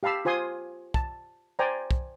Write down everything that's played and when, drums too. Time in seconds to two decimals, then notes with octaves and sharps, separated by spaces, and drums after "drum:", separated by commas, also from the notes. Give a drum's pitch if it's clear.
0.03 G4 F5 A5 B5 E6
0.25 F4 C5 G#5 C6 D#6
0.94 A5, drum: kick
1.59 C5 D5 G5 G#5 A#5
1.91 drum: kick